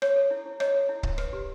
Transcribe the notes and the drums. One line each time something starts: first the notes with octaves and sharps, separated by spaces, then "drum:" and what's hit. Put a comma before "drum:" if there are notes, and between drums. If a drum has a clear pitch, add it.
C#5, drum: rim click
A4
E4
E4
C#5 D#5, drum: rim click
A4
E4
E4, drum: kick C#1
B4, drum: rim click
G4